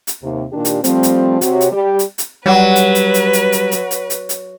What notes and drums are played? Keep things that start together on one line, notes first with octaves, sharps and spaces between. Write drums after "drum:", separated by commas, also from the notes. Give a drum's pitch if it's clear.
drum: hi-hat
D#2 C3
A#2 D#3 D4 G4
drum: hi-hat
F3 G3 A3 C4, drum: hi-hat
drum: hi-hat
C3 F#4 C#5, drum: hi-hat
drum: hi-hat
G3 G4
drum: hi-hat
drum: hi-hat
F#3 G3 B4
drum: hi-hat
drum: hi-hat
drum: hi-hat
drum: hi-hat
drum: hi-hat
drum: hi-hat
drum: hi-hat
drum: hi-hat
drum: hi-hat